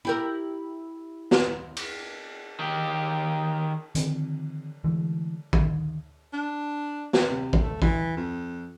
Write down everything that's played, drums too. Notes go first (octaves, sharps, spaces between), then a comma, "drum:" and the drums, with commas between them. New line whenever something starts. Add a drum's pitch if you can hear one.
E4 G4 A#4
drum: snare
drum: cymbal
D#3 G4
D3 D#3 F3 C4, drum: hi-hat
D3 E3 G#3 A3
D3 D#3, drum: kick A1
D4
drum: snare
C3
drum: kick A1
A3
E3, drum: kick A1
F2